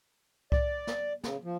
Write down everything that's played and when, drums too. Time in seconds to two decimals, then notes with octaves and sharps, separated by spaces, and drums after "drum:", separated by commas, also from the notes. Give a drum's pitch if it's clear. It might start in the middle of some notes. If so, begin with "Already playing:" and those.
0.52 D5, drum: kick C2
0.87 drum: snare
1.24 C#3, drum: snare
1.44 F3